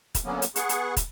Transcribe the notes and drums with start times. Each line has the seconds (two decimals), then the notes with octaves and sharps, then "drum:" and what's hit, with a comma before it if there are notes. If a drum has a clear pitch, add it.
0.15 drum: kick, hi-hat
0.24 D3 F#3 A#3 B3 C#4
0.42 drum: hi-hat
0.56 B3 G#4 F#5 C#6, drum: hi-hat
0.69 drum: hi-hat
0.97 drum: kick, hi-hat